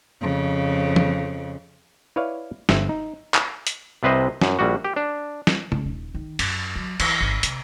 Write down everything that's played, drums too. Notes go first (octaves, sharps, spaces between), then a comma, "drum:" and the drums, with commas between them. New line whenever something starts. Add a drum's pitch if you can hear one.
F2 C#3
drum: tom E3
E4 B4 C#5 D5 F5
G1 G2 C5 E5, drum: snare
D#4
drum: clap
drum: hi-hat
C2 C3 B4 C5 D#5
F#2, drum: snare
A#1 G3 F#4
G4
D4
drum: snare
C#3, drum: tom
D#1
D#3
F#2, drum: cymbal
F#3
E3, drum: cymbal
G#1
C3, drum: hi-hat